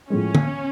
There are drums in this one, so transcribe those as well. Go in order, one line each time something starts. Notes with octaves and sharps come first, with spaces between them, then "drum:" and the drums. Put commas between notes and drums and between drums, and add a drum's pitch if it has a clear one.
A2 F3 G#3 C#4
drum: tom D3